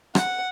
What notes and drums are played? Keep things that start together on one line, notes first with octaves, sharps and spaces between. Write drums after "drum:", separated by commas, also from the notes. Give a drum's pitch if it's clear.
F#5, drum: rim click